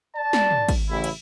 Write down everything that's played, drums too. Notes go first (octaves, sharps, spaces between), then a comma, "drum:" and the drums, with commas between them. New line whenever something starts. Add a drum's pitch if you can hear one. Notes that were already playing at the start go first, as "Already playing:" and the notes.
D5 A5
drum: snare
drum: tom
drum: kick, cymbal
A1 C#3 E4
drum: cymbal